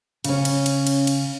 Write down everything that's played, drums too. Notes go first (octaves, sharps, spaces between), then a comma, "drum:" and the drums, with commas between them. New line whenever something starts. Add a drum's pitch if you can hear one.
C#3 C#4, drum: cymbal
drum: cymbal
drum: cymbal
drum: cymbal
drum: cymbal